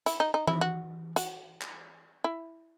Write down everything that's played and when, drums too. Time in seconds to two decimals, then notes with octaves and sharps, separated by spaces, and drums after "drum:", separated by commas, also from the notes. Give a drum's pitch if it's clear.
0.06 E4, drum: hi-hat
0.20 D#4
0.34 D#4
0.47 E4, drum: tom E3
0.61 F#4
1.16 F#4, drum: hi-hat
1.62 drum: clap
2.24 E4